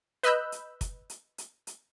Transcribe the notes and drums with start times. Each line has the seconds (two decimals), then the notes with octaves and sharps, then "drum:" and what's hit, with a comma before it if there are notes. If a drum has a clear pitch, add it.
0.23 B4 D#5 B5 E6 F#6 G6, drum: hi-hat
0.52 drum: hi-hat
0.81 drum: kick, hi-hat
1.10 drum: hi-hat
1.38 drum: hi-hat
1.67 drum: hi-hat